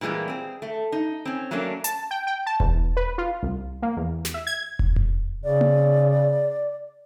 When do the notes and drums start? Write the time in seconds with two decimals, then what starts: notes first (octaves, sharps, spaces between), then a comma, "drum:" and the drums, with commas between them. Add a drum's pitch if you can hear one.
0.01 A#2 E3 G3 G#3 A#3
0.28 C4 G#4
0.62 A3
0.92 D#4
1.25 C4 C#4
1.51 F#3 A3 A#3 C#4 D4
1.84 A5, drum: hi-hat
2.11 G5
2.27 G5
2.46 A5
2.60 E2, drum: kick E1
2.97 B4
3.18 F4
3.43 C2
3.82 A#3
3.97 E2
4.25 drum: snare
4.34 E5
4.47 G#6
4.79 drum: kick E1
4.96 drum: tom F2
5.44 C#3 D5
5.61 drum: tom A#3